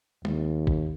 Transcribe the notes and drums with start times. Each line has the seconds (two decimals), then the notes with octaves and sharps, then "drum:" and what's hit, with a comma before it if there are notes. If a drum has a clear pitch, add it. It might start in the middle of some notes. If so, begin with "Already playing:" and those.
0.25 D#2, drum: tom
0.67 drum: kick